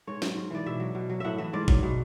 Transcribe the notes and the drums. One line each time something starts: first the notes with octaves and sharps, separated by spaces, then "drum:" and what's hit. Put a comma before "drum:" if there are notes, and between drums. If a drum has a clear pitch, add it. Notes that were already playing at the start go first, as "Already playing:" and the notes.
G#2 C#5
F#3, drum: snare
G#2
E3 D5
B2 E5
F#3
B2
F#3
A2 E5 F#5
E3 E5
G#2 D5
F#3, drum: kick G#1
B2